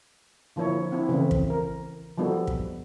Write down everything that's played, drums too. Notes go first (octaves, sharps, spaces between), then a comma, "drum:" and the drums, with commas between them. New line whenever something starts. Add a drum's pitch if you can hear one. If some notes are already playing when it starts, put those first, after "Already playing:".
D3 F3 A#3 E4 C#5
C4 E4
C#3 E3 A3 C4
drum: kick
A#4
F3 G3 B3 D#4 F#4 A4
drum: kick